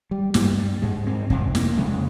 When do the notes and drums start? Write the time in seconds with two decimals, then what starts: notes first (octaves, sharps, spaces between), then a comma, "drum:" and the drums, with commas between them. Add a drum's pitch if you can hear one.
0.11 G3
0.34 G2 A#3, drum: snare
0.58 G3
0.82 G#2 G#3
1.07 C4
1.30 F2 C3 C4, drum: kick
1.55 A#3, drum: snare
1.77 F2 C#3 G#3